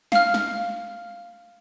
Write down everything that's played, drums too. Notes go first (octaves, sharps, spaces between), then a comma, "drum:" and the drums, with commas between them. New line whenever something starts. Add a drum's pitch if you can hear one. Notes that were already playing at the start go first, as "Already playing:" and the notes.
F5 F6, drum: snare
drum: snare